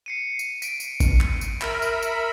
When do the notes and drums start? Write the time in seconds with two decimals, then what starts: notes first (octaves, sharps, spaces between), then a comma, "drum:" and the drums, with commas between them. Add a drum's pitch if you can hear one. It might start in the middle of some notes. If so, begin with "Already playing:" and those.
0.06 C7 C#7 D#7
0.39 drum: tambourine
0.62 B6 D7, drum: tambourine
0.80 drum: tambourine
1.00 drum: kick G#1, tambourine
1.21 drum: clap
1.41 drum: tambourine
1.62 A#4 E5 B5, drum: clap
1.82 drum: tambourine
2.03 drum: tambourine